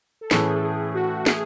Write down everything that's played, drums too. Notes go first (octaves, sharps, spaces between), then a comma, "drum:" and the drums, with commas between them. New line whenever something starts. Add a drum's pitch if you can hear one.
A4
A2 E3 A3 C#4 G#4, drum: snare
A4
G#4
F#4
G#4, drum: snare